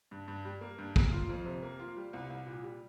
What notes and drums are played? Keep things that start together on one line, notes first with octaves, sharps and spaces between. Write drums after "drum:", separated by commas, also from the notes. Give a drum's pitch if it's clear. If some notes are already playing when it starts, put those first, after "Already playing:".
G2
G2
G3
A#3
G2
A#3, drum: kick
F4
F2
C3
A#3
F4
G3
C2
C2
A#2
G3